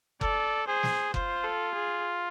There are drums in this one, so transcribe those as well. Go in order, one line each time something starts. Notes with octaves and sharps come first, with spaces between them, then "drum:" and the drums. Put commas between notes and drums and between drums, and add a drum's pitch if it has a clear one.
A4 D5, drum: kick F#1
G#4 C5
drum: snare
F4 C5, drum: kick F#1
A4
G#4